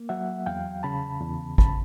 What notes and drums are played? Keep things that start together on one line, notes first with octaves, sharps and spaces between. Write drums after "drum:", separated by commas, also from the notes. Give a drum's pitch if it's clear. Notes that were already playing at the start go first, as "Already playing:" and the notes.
Already playing: A#3
F#3 E5 F#5
E2 F5 G5
C#3 A5 B5
E2
C#3 A5 B5, drum: kick G#1